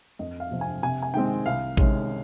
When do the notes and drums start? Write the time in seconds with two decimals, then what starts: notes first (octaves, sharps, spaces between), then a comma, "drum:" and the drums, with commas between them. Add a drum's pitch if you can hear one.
0.19 F2 D#5
0.40 F5
0.51 C3 F3 C4
0.61 G#5
0.82 C3 G#5
1.03 G#5
1.14 D#3 G#3 C4 G5
1.46 C2 F5
1.77 C3 D#3 G#3 C#4, drum: kick A1